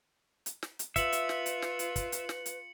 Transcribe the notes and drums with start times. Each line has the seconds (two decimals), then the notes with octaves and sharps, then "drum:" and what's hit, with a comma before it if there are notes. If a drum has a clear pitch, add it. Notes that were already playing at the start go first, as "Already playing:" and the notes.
0.46 drum: hi-hat
0.63 drum: snare
0.79 drum: hi-hat
0.96 F4 B4 E5 C#7 F#7, drum: kick, hi-hat
1.12 drum: hi-hat
1.29 drum: snare
1.46 drum: hi-hat
1.62 drum: snare
1.79 drum: hi-hat
1.96 drum: kick, hi-hat
2.12 drum: hi-hat
2.29 drum: snare
2.46 drum: hi-hat